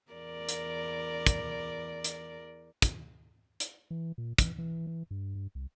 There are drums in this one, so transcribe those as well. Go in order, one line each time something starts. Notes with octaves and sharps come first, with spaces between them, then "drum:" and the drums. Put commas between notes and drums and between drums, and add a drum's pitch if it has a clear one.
E2 A#4 D5
drum: hi-hat
drum: kick, hi-hat
drum: hi-hat
drum: kick, hi-hat
drum: hi-hat
E3
A#2
E3, drum: kick, hi-hat
E3
E3
G2
G2
C2